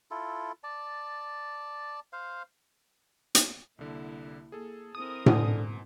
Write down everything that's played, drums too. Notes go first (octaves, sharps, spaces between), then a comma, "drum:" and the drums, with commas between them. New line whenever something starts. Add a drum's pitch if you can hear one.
E4 F4 A4
D5 A5
C5 F5
drum: hi-hat
C2 D3 A#3 E4
A#3 G#4 A4
C4 E4 A#4 D#6
G#2 B2 D3 G#5, drum: tom A2